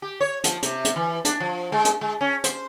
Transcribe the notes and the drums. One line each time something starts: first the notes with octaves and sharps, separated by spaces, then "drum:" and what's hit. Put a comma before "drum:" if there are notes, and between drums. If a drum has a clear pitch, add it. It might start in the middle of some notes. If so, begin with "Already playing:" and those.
G4
C#5
F3, drum: hi-hat
C3, drum: hi-hat
drum: hi-hat
E3
D4, drum: hi-hat
F3
G#3
drum: hi-hat
G#3
C#4
C5, drum: hi-hat